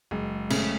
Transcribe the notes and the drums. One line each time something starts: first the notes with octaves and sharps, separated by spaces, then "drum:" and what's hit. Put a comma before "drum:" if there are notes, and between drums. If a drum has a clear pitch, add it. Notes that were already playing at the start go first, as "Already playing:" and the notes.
F#1 G#3
C#3 A3, drum: cymbal